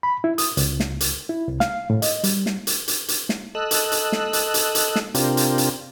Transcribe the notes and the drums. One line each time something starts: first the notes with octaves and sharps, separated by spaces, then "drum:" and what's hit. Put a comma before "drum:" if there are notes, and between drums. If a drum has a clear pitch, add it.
B5
E4
D#6, drum: hi-hat
C#2, drum: hi-hat
drum: snare
drum: hi-hat
E4
C2
F5, drum: snare
A2
D#5, drum: hi-hat
G3, drum: hi-hat
drum: snare
drum: hi-hat
drum: hi-hat
drum: hi-hat
drum: snare
A4 D#5 E6 F#6
drum: hi-hat
drum: hi-hat
drum: snare
drum: hi-hat
drum: hi-hat
drum: hi-hat
drum: snare
C3 C4 D4 F4 G4 A#4, drum: hi-hat
drum: hi-hat
drum: hi-hat